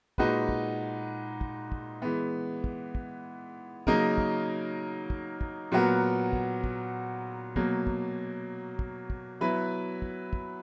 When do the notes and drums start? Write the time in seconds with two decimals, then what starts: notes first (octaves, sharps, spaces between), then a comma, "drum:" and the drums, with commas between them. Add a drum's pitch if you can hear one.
0.18 A#2 G#3 D#4 F#4 B4, drum: kick
0.49 drum: kick
1.41 drum: kick
1.72 drum: kick
2.02 E3 G#3 B3
2.64 drum: kick
2.95 drum: kick
3.87 C#3 F#3 A#3 D#4 A#4, drum: kick
4.18 drum: kick
5.10 drum: kick
5.41 drum: kick
5.71 A#2 F#3 B3 F#4 A#4
6.33 drum: kick
6.64 drum: kick
7.56 B2 F#3 A#3, drum: kick
7.87 drum: kick
8.79 drum: kick
9.10 drum: kick
9.41 F#3 B3 E4 B4
10.02 drum: kick
10.33 drum: kick